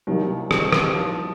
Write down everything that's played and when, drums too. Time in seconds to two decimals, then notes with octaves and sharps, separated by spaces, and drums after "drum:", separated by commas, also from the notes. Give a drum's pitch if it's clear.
0.07 C2 C3 D#3 F#3 A#3 D#4
0.51 drum: rim click
0.72 drum: rim click
0.95 F3